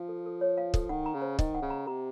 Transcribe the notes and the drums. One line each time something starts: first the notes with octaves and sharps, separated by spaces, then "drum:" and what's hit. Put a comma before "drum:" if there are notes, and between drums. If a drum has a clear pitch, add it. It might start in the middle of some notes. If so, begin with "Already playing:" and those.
Already playing: F3 F5
A4
A4
C#5
F5
A4, drum: kick
D#3 F#5
A#5
C#3
C5
D#3 D#5, drum: kick
F#5
C#3
A#5
C3 A#5